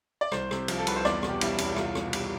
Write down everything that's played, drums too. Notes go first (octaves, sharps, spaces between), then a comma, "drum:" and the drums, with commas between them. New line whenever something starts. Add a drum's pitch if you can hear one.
D5
C2 C5, drum: rim click
C3, drum: rim click
F3, drum: cymbal
A4
C2 B4, drum: cymbal
C5
E2 D5, drum: rim click
B2, drum: rim click
G4
G3 E4, drum: cymbal
E2 E4, drum: cymbal
E4
C2 F4, drum: rim click
B2, drum: rim click
G3, drum: cymbal